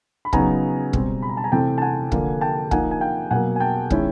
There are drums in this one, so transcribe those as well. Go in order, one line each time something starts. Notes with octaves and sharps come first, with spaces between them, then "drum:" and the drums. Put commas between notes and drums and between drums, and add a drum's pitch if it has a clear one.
B5
C#3 F#3 B3 D#4 G#5 A#5, drum: kick
B2 G3 C4, drum: kick
B5
A#5
A5
G#5 A#5
C3 E3 A3 C4 G5 A5
A5
F#5 G#5
D3 F3 A#3, drum: kick
G5 A5
F3 A#3 D#4 F#5 G#5, drum: kick
G#5
F5 G5
B2 F#3 A#3 F#5 G#5
G#5
G5 A5
D#3 G#3 C#4 E4, drum: kick